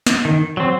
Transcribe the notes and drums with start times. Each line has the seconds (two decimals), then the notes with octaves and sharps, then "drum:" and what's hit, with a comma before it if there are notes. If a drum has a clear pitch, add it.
0.06 drum: snare
0.25 D#3
0.57 F#3 C4